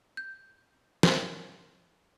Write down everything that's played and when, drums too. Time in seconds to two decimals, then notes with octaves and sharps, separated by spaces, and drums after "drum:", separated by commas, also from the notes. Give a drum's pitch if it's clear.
0.17 G6
1.03 A#4, drum: snare